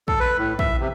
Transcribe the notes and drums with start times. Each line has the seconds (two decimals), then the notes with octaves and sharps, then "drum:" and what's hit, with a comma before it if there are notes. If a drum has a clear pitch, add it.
0.08 A4, drum: kick
0.20 B4
0.38 A2
0.59 E5, drum: kick
0.80 C3